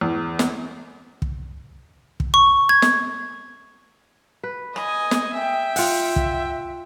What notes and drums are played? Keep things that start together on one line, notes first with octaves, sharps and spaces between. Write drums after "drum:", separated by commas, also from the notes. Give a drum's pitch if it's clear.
E2
drum: snare
drum: kick
drum: kick
C#6
G#6
drum: snare
B4
D#5 G#5, drum: rim click
drum: snare
E5 G5
F4 F#5, drum: open hi-hat
drum: kick